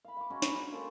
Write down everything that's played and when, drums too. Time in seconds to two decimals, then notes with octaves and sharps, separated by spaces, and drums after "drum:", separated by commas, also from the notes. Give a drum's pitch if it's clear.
0.05 F5 B5
0.17 F5 D6
0.30 G#3 C#4 F#4 C#5
0.42 B4 A#5, drum: snare
0.55 F#4
0.72 A#3 A4 C5